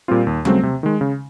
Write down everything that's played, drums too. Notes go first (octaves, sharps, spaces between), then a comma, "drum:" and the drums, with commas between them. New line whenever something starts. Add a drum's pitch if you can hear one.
A#2 G3 C4 F4
D#2
C#3 F#3 A3 C4, drum: tom G3
C3
D#3 G#3
C#3